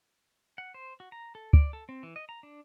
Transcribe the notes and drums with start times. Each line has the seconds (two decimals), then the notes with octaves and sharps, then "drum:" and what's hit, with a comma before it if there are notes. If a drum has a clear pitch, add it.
0.58 F#5
0.74 C5
1.00 F#4
1.12 A#5
1.35 A4
1.53 D5, drum: kick
1.73 A4
1.89 C4
2.03 E3
2.16 D#5
2.29 A#5
2.43 D4